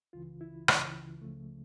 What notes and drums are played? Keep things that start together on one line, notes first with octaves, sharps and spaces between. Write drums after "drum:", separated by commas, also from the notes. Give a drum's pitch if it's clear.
C#2 C#3 E3 F4
E4
C#2 C#3 E3, drum: rim click
C#2 C#3 F3 A3